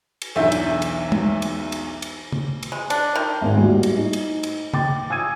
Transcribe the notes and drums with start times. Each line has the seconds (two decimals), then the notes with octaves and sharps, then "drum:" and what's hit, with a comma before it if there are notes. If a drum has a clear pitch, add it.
0.22 drum: cymbal
0.36 B1 E2 D4 E4 E5 G6
0.52 drum: cymbal
0.82 drum: cymbal
1.12 drum: tom
1.42 drum: cymbal
1.72 drum: cymbal
2.02 drum: cymbal
2.32 drum: tom
2.63 drum: cymbal
2.72 G#3
2.90 D4, drum: cymbal
3.15 D#3
3.41 G#1 D#2 G#3 G#5
3.58 A2 G3 F#4
3.83 drum: cymbal
3.98 D#4
4.13 drum: cymbal
4.43 drum: cymbal
4.74 G5 D6 A6, drum: tom
5.10 G#5 D#6 E6 G#6 D#7